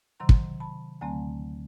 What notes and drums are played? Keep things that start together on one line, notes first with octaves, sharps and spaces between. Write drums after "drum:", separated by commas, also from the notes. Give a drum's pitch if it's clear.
C3 D#3 F#3 A#5 C6
drum: kick
A5 B5
D2 D3 F#3 A3 C4 G#5 A#5